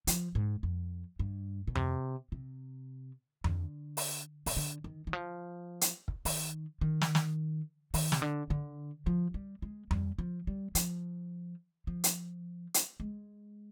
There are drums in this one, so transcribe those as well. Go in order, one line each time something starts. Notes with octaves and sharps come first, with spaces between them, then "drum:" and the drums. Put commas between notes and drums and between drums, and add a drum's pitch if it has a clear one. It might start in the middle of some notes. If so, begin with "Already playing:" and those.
F3, drum: hi-hat
G#2
F2
G2
B2
C3, drum: tom F2
C3
D3, drum: tom F2
drum: open hi-hat
C3, drum: open hi-hat
D3
D#3
D#3
F3
drum: hi-hat
drum: kick
D#3, drum: open hi-hat
D#3
drum: snare
drum: snare
D#3, drum: open hi-hat
C3, drum: snare
D3
D3
F3
G3
G#3
G3, drum: tom F2
F3
G3
F3, drum: hi-hat
F3
drum: hi-hat
drum: hi-hat
G#3